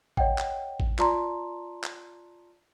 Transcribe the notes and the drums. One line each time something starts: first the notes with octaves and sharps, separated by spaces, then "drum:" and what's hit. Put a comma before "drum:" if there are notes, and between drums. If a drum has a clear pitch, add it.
C#5 D#5 F#5 G5, drum: kick A1
drum: clap
drum: kick A1
F4 D5 A5 A#5 C6, drum: clap
drum: clap